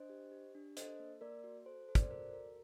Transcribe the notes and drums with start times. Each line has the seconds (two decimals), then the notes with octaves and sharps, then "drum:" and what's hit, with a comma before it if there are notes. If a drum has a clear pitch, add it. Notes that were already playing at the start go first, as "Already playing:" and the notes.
Already playing: D4 C5 D#5
0.10 G4
0.32 G4
0.55 D4
0.77 A4 C5 D#5, drum: hi-hat
1.00 A#3
1.21 A#3 A#4 D5
1.44 F#4
1.66 A4 C5
1.88 A4 C5
1.95 D5, drum: kick, hi-hat
2.02 C5
2.11 F#4 A#4 D5
2.33 A4 A#4